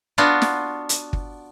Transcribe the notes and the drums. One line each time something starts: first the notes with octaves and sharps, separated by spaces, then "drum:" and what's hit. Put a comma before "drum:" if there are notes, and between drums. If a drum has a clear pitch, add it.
B3 D4 F4 F#4
drum: snare
drum: hi-hat
drum: kick G1